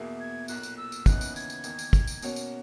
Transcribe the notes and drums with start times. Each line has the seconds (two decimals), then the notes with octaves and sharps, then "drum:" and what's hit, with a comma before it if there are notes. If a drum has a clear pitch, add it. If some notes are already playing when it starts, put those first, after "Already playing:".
Already playing: E2 B2 A#3 E4 G#4
0.20 G#6
0.48 B1 A#2 A#3 F#6, drum: tambourine
0.63 drum: tambourine
0.77 E6
0.92 drum: tambourine
1.06 D#2 C#3 E3 B3 D#4 F#6, drum: kick, tambourine
1.21 drum: tambourine
1.36 G#6, drum: tambourine
1.50 drum: tambourine
1.64 E2 D#3 A#3, drum: tambourine
1.79 drum: tambourine
1.93 drum: kick, tambourine
2.07 drum: tambourine
2.22 B2 A#3 C#4 F#4 C#5, drum: tambourine
2.36 drum: tambourine